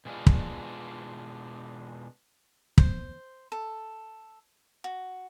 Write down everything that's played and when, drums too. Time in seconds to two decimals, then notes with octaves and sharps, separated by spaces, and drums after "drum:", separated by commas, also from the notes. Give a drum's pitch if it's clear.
0.05 B2 G#3 D4 F4
0.27 drum: kick
2.78 C5, drum: kick
3.52 A4
4.84 F#4